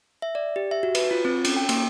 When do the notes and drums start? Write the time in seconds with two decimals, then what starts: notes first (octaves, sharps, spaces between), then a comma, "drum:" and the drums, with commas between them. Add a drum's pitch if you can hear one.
0.22 E5
0.35 D5
0.56 G4
0.71 E5
0.83 F#4
0.95 B4, drum: cymbal
1.11 F4
1.25 C4
1.44 C#4, drum: cymbal
1.57 G5
1.69 A#3, drum: cymbal